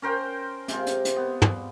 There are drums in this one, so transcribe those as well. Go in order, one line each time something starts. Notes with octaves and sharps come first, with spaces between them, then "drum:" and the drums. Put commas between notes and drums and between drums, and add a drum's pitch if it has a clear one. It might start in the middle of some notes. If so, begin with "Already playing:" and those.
C#4 A#4 C5 G5
C3 G#3 F4, drum: hi-hat
drum: hi-hat
drum: hi-hat
B3
drum: tom